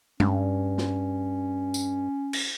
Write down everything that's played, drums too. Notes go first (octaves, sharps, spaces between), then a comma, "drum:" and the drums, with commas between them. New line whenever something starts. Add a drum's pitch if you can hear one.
G2 C#4, drum: tom
drum: snare
drum: tambourine
drum: cymbal